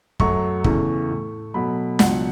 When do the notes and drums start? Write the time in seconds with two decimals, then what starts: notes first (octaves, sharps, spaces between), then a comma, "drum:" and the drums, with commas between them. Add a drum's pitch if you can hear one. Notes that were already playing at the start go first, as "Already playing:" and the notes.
0.20 F#2 F#3 A3 C#6, drum: kick
0.64 E2 C#3 E3 A3, drum: kick
1.10 A2 A3
1.54 B2 F#3 A3 B5
1.99 C#2 B2 F#3 F#5, drum: snare